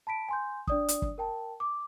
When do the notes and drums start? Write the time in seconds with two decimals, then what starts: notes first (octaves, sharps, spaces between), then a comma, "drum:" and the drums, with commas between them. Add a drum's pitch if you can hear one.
0.07 A5 B5 B6 D7
0.29 G#5 C6 G6
0.68 D4 D5 D#6, drum: kick
0.88 drum: hi-hat
1.02 drum: kick
1.18 A#4 G5 A5
1.60 D6